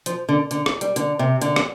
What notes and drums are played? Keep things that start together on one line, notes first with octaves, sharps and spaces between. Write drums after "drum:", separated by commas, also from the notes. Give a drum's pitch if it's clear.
F3, drum: hi-hat
D3
D3, drum: hi-hat
drum: rim click
G3, drum: hi-hat
D3, drum: hi-hat
C3
D3, drum: hi-hat
drum: rim click